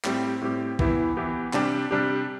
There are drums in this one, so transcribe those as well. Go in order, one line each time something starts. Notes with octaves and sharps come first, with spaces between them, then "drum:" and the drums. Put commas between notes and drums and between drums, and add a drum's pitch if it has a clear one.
A2 G3 C4 G4, drum: clap
A2 G3 C4 G4
E3 B3 E4 G4, drum: kick B1
E3 B3 E4 G4
C3 G3 D4 G4, drum: clap
C3 G3 D4 G4